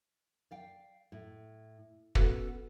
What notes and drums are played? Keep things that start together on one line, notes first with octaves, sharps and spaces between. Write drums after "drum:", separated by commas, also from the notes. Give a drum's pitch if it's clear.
D5 F5 G5
A2
B3 C#4 F#4 A4 B4, drum: kick